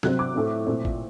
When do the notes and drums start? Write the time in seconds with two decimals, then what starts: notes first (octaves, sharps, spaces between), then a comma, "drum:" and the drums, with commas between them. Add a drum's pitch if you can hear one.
0.03 C3 F#3 C4 F#6, drum: snare
0.19 D6
0.35 A2 A3 C4
0.67 A#2 A3 C4
0.85 drum: kick G#1